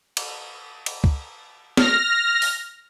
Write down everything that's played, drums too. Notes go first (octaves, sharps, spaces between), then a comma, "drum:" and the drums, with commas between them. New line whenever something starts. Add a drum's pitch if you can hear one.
drum: cymbal
drum: cymbal
drum: kick C#2
F6 A#6, drum: snare
drum: open hi-hat